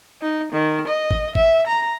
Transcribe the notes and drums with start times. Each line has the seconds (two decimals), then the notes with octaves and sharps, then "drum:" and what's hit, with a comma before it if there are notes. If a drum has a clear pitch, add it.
0.22 D#4
0.52 D#3
0.88 D#5
1.11 drum: kick
1.35 E5, drum: kick
1.67 A#5